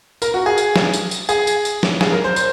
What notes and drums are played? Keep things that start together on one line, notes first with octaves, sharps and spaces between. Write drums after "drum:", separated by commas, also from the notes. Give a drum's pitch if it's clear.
A#4, drum: tambourine
F#4
G#4
drum: tambourine
drum: snare
drum: tambourine
drum: tambourine
G#4, drum: tambourine
drum: tambourine
drum: tambourine
drum: snare
G#4, drum: snare
A#4
C5
C5, drum: tambourine